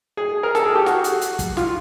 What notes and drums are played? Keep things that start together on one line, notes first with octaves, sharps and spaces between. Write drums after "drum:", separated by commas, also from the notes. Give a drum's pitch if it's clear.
G#4
A#4
A4, drum: snare
G#4
G4
F#4, drum: snare
drum: hi-hat
drum: hi-hat
drum: kick, hi-hat
F4, drum: snare